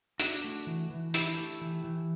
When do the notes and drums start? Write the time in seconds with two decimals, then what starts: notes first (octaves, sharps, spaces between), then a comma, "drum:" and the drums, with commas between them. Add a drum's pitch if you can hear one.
0.20 D4 F#4, drum: hi-hat
0.44 A3
0.67 E3
0.90 E3
1.14 D4 E4 G4, drum: hi-hat
1.37 A3
1.61 E3
1.84 E3